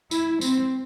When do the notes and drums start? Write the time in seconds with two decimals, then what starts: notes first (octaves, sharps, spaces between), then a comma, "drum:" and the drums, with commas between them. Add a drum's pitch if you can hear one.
0.11 E4, drum: tambourine
0.41 C4, drum: tambourine